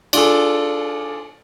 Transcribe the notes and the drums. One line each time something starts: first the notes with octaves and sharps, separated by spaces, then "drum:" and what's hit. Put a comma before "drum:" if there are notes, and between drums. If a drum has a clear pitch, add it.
D4 F4 G#4 A4, drum: cymbal